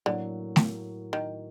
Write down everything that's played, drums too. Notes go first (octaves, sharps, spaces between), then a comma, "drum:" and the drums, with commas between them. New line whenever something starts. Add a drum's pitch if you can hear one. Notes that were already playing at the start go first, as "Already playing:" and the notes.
A2 D3 F#3 A#3
drum: snare A3
D#3